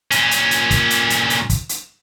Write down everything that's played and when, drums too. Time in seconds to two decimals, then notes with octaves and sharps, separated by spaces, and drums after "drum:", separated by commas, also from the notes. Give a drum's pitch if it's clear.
0.11 A#2 C#4, drum: hi-hat
0.31 drum: hi-hat
0.51 drum: hi-hat
0.71 drum: kick, hi-hat
0.90 drum: hi-hat
1.10 drum: hi-hat
1.30 drum: hi-hat
1.50 drum: kick, hi-hat
1.69 drum: hi-hat